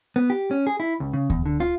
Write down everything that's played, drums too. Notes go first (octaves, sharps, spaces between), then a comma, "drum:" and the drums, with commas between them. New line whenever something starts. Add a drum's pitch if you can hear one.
B3
G4
C#4
G#4
E4
C#2
C#3
E2, drum: kick D2
D3
F4